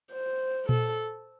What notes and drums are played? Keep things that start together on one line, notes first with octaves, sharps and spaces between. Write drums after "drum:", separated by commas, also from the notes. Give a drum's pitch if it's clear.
C5
A4, drum: tom A#2